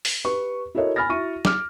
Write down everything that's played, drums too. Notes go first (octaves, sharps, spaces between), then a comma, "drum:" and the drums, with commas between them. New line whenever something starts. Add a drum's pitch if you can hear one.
drum: open hi-hat
G4 B4 C#6
E4 F#4 A4 A#4 C#5 D#5
G#5 B5 F6 A6 A#6
E4 F#4 E5 C#6 D#7
D6 F6, drum: snare F#3